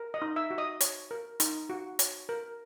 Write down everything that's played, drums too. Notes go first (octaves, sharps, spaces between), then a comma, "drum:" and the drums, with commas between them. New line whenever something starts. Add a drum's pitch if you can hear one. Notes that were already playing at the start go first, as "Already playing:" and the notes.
Already playing: A#4
D#5 D#6
D#4
E5 E6
F#4
D#5 D#6
C#5, drum: hi-hat
A#4
D#4, drum: hi-hat
F#4
C#5, drum: hi-hat
A#4